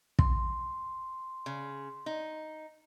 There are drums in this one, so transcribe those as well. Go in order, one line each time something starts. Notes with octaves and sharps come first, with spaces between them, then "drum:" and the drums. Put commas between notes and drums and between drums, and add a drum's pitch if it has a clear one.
C6, drum: kick
C#3
D#4